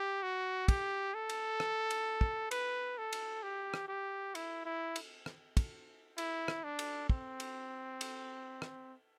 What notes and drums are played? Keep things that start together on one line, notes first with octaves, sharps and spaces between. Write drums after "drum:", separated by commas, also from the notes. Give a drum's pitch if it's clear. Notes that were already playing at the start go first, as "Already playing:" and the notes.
Already playing: G4
F#4
G4, drum: kick, cymbal
A4
drum: cymbal
drum: rim click
drum: cymbal
drum: kick
B4, drum: cymbal
A4
drum: cymbal
G4
drum: rim click
G4
E4, drum: cymbal
E4
drum: cymbal
drum: rim click
drum: kick, cymbal
E4, drum: cymbal
drum: rim click
D4
drum: cymbal
C4, drum: kick
drum: cymbal
drum: cymbal
drum: rim click